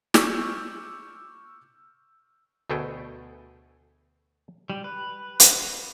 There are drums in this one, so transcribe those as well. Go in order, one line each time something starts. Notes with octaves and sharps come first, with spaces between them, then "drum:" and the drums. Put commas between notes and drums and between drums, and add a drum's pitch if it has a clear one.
C#6 D6 E6 F6 G6, drum: snare
D2 B2 A3 G#4 A4 G5
G3
B4
drum: hi-hat